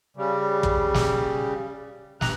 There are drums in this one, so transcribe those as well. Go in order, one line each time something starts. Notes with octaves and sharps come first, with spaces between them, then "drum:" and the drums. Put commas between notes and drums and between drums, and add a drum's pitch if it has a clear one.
C#3 G3
drum: kick
drum: snare
G2 A#5 F#6, drum: snare